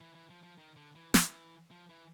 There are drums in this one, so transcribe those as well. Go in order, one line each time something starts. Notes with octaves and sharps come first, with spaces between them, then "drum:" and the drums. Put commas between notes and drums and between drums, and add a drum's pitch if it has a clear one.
E3
E3
F3
F3
D#3
D3
E3
E3, drum: snare
F3
E3